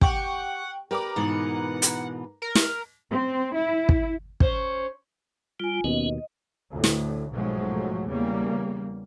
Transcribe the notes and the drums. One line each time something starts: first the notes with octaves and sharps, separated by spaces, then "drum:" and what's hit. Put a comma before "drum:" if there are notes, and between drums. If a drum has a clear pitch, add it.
G4 F#5 G5 C#6, drum: kick
G4 A#4 B4 D5 A#5 D6
G#2 B2 E3 F#5
drum: hi-hat
A#4
drum: snare
C4
E4
drum: kick
C#4 C5, drum: kick
G3 F4 G#5
D#2 B2 B3 C#4 D#5
D2 A2
drum: snare
B1 G#2 F3 F#3 G#3 A3
E2 C#3 G3 A#3